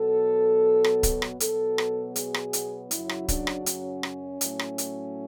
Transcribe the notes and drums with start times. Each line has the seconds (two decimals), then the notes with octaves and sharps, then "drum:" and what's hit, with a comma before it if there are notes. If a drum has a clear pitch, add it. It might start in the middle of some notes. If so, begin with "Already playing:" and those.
Already playing: B2 F#3 B3 A4
0.84 drum: rim click
1.03 drum: kick C#1, hi-hat
1.22 drum: rim click
1.40 B2 F#3 B3 A4, drum: hi-hat
1.78 drum: rim click
2.16 G#4, drum: hi-hat
2.34 drum: rim click
2.53 drum: hi-hat
2.91 F#2 C#3 F#3 E4, drum: hi-hat
3.09 drum: rim click
3.28 D4, drum: kick C#1, hi-hat
3.47 drum: rim click
3.66 C#4, drum: hi-hat
4.03 drum: rim click
4.41 A2 F#3 A3, drum: hi-hat
4.59 drum: rim click
4.78 drum: hi-hat